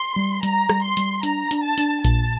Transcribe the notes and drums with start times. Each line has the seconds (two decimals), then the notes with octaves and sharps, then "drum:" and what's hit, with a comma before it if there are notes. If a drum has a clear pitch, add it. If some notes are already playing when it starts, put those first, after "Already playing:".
Already playing: C6
0.16 G3
0.43 G3 A#5, drum: hi-hat
0.69 G3, drum: rim click
0.84 C6
0.97 G3, drum: hi-hat
1.23 D4 A#5, drum: hi-hat
1.51 D4, drum: hi-hat
1.65 A5
1.78 D4, drum: hi-hat
2.05 A#2 A5, drum: kick A#1, hi-hat